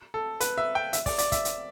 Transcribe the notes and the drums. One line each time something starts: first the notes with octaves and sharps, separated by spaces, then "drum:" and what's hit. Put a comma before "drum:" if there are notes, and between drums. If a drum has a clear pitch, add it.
A4
B4, drum: hi-hat
E5
G5
E5, drum: hi-hat
D5, drum: kick, open hi-hat
D5, drum: hi-hat
E5, drum: kick, hi-hat
drum: hi-hat